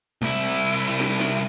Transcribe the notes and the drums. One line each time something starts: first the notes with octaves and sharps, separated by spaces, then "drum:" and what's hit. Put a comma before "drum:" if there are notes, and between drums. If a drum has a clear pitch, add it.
C2 E4, drum: tom G#3
drum: snare
drum: snare